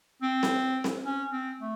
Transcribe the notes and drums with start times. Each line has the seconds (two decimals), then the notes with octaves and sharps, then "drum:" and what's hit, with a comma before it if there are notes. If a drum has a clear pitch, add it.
0.22 C4
0.43 drum: snare C4
0.84 drum: snare C4
1.05 C#4
1.32 C4
1.60 A3